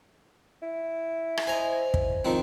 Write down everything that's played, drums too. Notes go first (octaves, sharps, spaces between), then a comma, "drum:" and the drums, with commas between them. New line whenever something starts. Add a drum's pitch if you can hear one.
E4
drum: rim click
C5 D#5 G#5 A#5
drum: kick
D#3 F3 C4 F#4